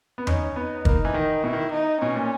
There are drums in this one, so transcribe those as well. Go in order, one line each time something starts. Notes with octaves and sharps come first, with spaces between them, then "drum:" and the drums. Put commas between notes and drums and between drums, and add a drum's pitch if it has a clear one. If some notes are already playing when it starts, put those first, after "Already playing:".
B3
C#4 D#4, drum: tom E2
B3 D#4
A#3 D#4, drum: kick
E3
D#3
B2 E4
D#3
D#4
B2 C#4
A#2